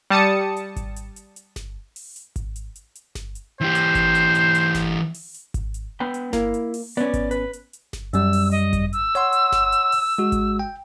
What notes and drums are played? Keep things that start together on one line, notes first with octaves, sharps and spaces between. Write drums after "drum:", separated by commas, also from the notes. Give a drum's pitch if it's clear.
G3 A5 D#6 C#7
drum: hi-hat
drum: kick G#1, hi-hat
drum: hi-hat
drum: hi-hat
drum: hi-hat
drum: snare G1
drum: open hi-hat
drum: hi-hat
drum: kick G#1, hi-hat
drum: hi-hat
drum: hi-hat
drum: hi-hat
drum: snare G1
drum: hi-hat
E3 G4 C5
drum: hi-hat
drum: kick G#1, hi-hat
drum: hi-hat
drum: hi-hat
drum: hi-hat
drum: snare G1
drum: open hi-hat
drum: hi-hat
drum: kick G#1, hi-hat
drum: hi-hat
B3 B4 G5
drum: hi-hat
A#3 E4, drum: snare G1
drum: hi-hat
drum: open hi-hat
B3 C#4 D5
drum: kick G#1, hi-hat
B4, drum: hi-hat
drum: hi-hat
drum: hi-hat
drum: snare G1
F#2 G3 E6, drum: hi-hat
drum: open hi-hat
D#5, drum: hi-hat
drum: kick G#1, hi-hat
E6, drum: hi-hat
C#5 F#5 C6, drum: hi-hat
drum: hi-hat
drum: snare G1
drum: hi-hat
drum: open hi-hat
G#3 F#4
drum: kick G#1, hi-hat
G5